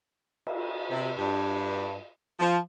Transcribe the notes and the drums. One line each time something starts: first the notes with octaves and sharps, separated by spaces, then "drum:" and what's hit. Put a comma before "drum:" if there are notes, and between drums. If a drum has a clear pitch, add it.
drum: cymbal
C3
G2
F3